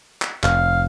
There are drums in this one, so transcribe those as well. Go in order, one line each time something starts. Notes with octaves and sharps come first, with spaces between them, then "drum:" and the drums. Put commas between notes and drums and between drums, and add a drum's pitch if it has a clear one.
drum: clap
F1 F5, drum: clap